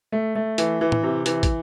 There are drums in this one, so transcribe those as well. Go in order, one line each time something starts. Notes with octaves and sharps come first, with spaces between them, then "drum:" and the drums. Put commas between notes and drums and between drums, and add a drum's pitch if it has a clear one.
A3
A3
E3, drum: hi-hat
E3
drum: tom
C3
E3, drum: hi-hat
drum: kick, hi-hat